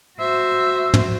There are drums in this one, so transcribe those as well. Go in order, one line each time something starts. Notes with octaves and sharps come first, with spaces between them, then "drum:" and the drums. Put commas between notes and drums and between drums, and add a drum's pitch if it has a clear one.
F#4 C5 E5
drum: tom